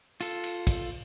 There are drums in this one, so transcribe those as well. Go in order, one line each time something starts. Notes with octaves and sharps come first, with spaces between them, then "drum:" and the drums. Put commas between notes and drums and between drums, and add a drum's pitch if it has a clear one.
F4 A4, drum: cymbal
drum: cymbal
drum: kick, cymbal